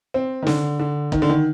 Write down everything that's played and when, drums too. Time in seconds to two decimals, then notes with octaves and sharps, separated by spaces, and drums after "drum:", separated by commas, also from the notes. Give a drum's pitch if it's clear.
0.14 C4
0.42 D#3
0.47 D3, drum: snare
0.79 D3
1.12 D#3, drum: kick
1.22 D3
1.30 D#3